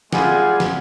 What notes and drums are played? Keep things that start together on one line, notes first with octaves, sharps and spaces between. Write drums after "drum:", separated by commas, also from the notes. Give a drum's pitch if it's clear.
G3 G#3 F4 G#4 F#5 G#5, drum: snare
drum: snare